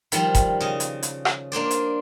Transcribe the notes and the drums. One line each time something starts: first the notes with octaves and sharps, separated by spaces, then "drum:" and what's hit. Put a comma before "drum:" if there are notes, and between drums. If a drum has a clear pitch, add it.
D#3 F3 G3, drum: hi-hat
drum: kick E1, hi-hat
C#3 D#5
drum: hi-hat
drum: hi-hat
drum: rim click
A#3 D4 C5 D5
drum: hi-hat